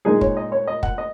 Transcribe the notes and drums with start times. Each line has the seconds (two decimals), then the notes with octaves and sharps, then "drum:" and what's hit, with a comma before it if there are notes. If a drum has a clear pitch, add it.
0.05 A#2 G#3 D#4 G#4
0.21 C#5, drum: kick
0.37 D#5
0.52 C#5
0.67 D#5
0.83 F#5, drum: kick
0.98 D#5